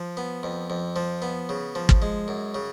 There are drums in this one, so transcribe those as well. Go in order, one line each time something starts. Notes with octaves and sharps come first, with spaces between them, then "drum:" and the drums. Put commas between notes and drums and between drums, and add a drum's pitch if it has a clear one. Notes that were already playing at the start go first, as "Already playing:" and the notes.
Already playing: F3
B3
F2
F2
F3
B3
C#3
F3
drum: kick
G#3
F#2
C#3